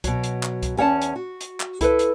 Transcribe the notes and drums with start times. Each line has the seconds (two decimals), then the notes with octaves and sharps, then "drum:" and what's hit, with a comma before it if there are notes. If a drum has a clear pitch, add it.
0.04 B2 F#3, drum: kick C2, hi-hat
0.24 drum: hi-hat
0.43 drum: clap
0.63 drum: kick C2, hi-hat
0.77 E2 C#4 E5 F#5 A5
1.02 drum: hi-hat
1.16 F#4
1.41 drum: hi-hat
1.60 drum: clap
1.81 E4 A4 B4, drum: kick C2, hi-hat
1.99 drum: hi-hat